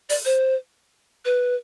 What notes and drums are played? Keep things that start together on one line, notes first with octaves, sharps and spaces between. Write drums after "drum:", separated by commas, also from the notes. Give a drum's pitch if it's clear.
D5, drum: open hi-hat
C5
B4